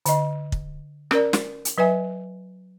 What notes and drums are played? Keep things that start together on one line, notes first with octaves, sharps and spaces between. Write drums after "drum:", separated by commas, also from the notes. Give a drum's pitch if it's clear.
D3 D#5, drum: hi-hat
drum: kick
C#4 A#4 D5, drum: rim click
drum: snare
drum: hi-hat
F#3 B4 E5 G#5